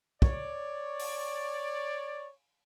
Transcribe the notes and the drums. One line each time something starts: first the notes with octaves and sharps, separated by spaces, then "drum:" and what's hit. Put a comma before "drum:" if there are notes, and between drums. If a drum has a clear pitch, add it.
C#5 D5, drum: kick
drum: open hi-hat